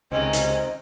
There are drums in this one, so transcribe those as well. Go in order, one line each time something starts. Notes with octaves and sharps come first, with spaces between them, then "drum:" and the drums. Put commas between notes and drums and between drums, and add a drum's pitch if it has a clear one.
C#2 C3 D#3 C4 C#4 D#5
drum: hi-hat